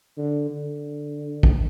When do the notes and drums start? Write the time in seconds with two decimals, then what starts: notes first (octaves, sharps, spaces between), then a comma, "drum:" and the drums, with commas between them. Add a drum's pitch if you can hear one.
0.17 D3
0.50 D3
1.43 drum: kick